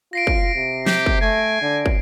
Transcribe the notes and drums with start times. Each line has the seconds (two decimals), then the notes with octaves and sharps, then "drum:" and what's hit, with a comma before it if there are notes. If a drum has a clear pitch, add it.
0.13 F4 A#6 C7 D7
0.27 drum: kick
0.55 C3
0.86 G4, drum: snare
1.06 drum: kick
1.21 A3 G#5
1.62 D3
1.86 drum: kick